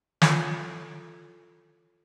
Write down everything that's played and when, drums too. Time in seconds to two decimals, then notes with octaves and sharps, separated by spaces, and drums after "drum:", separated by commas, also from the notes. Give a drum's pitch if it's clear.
0.22 E4 F4 A4 C#5 D6, drum: snare